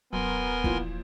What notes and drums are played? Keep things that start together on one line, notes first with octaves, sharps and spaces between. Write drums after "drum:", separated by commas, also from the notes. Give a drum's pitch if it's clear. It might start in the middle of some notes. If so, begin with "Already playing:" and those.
D#1 F#2 B3 A#4 G#5 C6
A#2 E3 F3, drum: kick